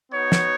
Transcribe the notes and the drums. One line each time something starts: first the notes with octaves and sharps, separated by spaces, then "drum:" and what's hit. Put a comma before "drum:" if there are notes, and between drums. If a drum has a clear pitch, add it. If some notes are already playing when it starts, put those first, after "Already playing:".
B3 D#4 F#4 C#5
drum: snare